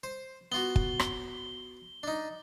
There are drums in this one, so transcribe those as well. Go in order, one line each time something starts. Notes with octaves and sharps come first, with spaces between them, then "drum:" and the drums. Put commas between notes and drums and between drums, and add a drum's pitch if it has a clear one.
C5
B3 F4 F#4 G7
drum: kick
drum: rim click
D4 D#4